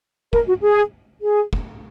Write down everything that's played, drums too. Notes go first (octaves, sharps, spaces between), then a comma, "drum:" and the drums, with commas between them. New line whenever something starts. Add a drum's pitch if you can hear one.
A#4, drum: kick
F#4
G#4
G#4
drum: kick